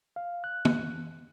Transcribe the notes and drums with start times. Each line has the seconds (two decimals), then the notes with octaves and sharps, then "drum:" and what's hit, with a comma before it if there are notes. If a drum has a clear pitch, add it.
0.16 F5
0.44 F#6
0.65 drum: tom